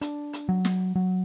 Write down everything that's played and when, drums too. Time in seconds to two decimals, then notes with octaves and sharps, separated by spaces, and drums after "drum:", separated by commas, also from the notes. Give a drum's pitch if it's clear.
0.01 D4, drum: hi-hat
0.33 drum: hi-hat
0.49 F#3
0.65 drum: snare
0.95 F#3